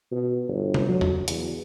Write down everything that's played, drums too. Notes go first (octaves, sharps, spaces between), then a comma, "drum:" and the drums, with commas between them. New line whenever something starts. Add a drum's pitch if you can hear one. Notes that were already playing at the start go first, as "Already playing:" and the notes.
B2
G1
drum: tom
F#3
drum: tom
E2, drum: hi-hat